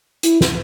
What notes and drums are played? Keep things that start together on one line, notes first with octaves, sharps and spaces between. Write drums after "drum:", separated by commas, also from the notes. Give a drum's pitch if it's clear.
E4, drum: hi-hat
drum: snare